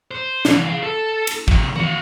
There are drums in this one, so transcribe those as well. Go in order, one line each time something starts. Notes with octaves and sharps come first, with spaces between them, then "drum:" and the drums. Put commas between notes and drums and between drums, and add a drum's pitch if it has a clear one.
C5
C2 E3, drum: snare
G#4 F5
A4
drum: cymbal
C3 F#3, drum: kick
F#4 F5, drum: tom D#3